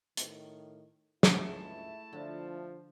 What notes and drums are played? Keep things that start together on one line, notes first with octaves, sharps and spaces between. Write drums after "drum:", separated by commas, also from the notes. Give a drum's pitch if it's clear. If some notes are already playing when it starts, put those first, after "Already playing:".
A2 D#3, drum: hi-hat
C#2 G2 A3 E4 G#4 A5, drum: snare
D3 F3